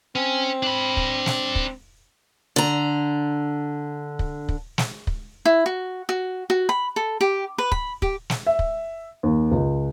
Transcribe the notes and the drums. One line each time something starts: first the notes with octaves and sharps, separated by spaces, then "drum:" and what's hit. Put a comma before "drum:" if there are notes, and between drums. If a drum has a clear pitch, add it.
C4 C#4
D4 B5
drum: kick
drum: snare
drum: kick
D3 A#5
drum: kick
drum: kick
drum: snare
drum: kick
E4
F#4
F#4
F#4
B5
A4
G4
B4
B5, drum: kick
G4, drum: kick
drum: snare
E5
drum: kick
D#2
C#2